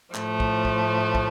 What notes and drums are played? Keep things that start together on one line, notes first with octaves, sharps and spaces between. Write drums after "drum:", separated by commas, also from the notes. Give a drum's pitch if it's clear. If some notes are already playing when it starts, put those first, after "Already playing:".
A2 F3 A3, drum: clap
drum: kick
drum: kick
drum: kick